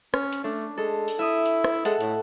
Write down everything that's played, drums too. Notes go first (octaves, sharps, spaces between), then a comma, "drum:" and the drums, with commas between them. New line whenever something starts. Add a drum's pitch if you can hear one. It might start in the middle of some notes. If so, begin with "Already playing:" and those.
C#4, drum: rim click
drum: hi-hat
A3 D4
G#3 A4
drum: open hi-hat
E4 E5 D#6
drum: hi-hat
drum: rim click
G#3 A4 F#5, drum: hi-hat
A2, drum: hi-hat